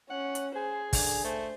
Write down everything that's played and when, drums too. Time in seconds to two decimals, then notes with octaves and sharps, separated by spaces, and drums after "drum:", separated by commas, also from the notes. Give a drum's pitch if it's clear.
0.10 C#4 F#5
0.35 drum: hi-hat
0.56 G#4 C5
0.93 D3, drum: kick, open hi-hat
1.24 A3 C5